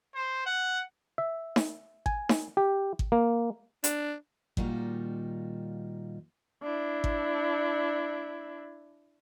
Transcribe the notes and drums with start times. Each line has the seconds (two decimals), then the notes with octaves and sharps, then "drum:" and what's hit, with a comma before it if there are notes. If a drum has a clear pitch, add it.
0.15 C5
0.46 F#5
1.18 E5
1.56 drum: snare D#4
2.06 G#5, drum: kick G#1
2.29 drum: snare D#4
2.57 G4
2.99 drum: kick G#1
3.12 A#3
3.84 D4, drum: hi-hat
4.57 A#2 D#3 G3 D#4 F4 F#4, drum: kick G#1
6.63 D4 E4
7.04 drum: kick G#1